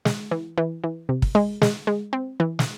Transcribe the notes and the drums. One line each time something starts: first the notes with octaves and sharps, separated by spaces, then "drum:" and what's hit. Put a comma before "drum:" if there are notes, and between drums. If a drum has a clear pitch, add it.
G#3, drum: snare
E3
E3
E3
C3
drum: kick
G#3
G#3, drum: snare
G#3
C4
E3
drum: snare